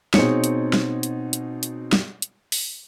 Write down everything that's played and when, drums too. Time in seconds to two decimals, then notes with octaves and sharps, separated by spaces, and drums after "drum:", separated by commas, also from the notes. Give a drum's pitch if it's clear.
0.14 B2 C4 D#4 G#4 C#5 C#7, drum: snare
0.44 drum: hi-hat
0.73 drum: snare
1.03 drum: hi-hat
1.33 drum: hi-hat
1.63 drum: hi-hat
1.93 drum: snare
2.22 drum: hi-hat
2.52 drum: open hi-hat